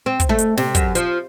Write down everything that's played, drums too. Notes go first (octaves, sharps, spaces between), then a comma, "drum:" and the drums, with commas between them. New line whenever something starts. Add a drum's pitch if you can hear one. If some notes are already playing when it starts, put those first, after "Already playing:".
C4
drum: kick, hi-hat
A3
drum: hi-hat
C3, drum: snare
F#2, drum: kick, hi-hat
F3, drum: hi-hat